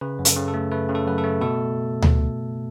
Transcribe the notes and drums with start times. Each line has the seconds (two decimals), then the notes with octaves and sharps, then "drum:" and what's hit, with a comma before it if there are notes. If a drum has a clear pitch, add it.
0.01 C#3 B4
0.19 F#2
0.25 A4, drum: hi-hat
0.36 C#3
0.48 A4
0.54 A3
0.72 A3 B4
0.89 C#3
0.95 A4
1.06 F#2 B4
1.18 A4
1.24 A3
1.41 B2 A4
2.02 drum: tom D2